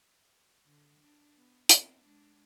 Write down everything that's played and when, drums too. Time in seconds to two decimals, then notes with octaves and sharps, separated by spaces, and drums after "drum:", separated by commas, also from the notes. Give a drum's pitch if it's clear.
0.66 D3
1.00 D4
1.37 B3
1.69 B3 C4, drum: hi-hat
2.01 G#3 D4